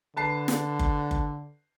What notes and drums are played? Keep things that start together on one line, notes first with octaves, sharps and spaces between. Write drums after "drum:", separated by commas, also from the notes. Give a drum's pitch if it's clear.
D3 B4 A5 C7
drum: snare
drum: kick F#1
drum: kick F#1